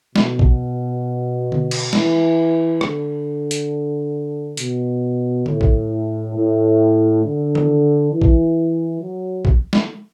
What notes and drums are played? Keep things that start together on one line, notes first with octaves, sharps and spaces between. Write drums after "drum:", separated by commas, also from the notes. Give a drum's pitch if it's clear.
B2, drum: snare
drum: kick A#1
drum: tom D3
drum: cymbal
E3, drum: snare
D3, drum: rim click
drum: hi-hat
B2, drum: hi-hat
A2, drum: tom D3
drum: kick A#1
A2
D3
drum: tom D#3
E3
drum: kick A#1
F#3
drum: kick A#1
drum: snare